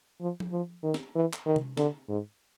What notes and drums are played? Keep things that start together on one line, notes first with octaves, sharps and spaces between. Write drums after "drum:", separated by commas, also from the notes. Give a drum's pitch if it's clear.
F3
drum: tom F3
F3
D#3
drum: snare
E3
drum: clap
D#3
drum: tom C3
D3, drum: snare
G#2